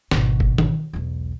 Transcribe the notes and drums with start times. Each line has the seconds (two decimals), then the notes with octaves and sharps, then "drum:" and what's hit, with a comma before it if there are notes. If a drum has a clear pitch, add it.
0.11 G#1 B2, drum: snare
0.40 drum: kick F1
0.58 drum: tom D#3
0.93 B1 E2